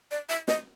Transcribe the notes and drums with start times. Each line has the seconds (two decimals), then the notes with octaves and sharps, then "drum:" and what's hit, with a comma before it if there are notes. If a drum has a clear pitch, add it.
0.11 D5
0.29 E5
0.48 D#5, drum: snare